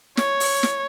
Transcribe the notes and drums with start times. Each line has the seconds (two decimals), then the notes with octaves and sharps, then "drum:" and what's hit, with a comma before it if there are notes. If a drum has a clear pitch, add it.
0.17 C#5, drum: snare
0.40 drum: open hi-hat
0.63 drum: snare